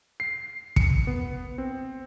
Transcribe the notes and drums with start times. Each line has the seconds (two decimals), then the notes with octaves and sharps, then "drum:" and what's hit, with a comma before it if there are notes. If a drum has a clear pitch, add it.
0.20 C7
0.76 C#7, drum: kick
1.07 B3
1.58 C4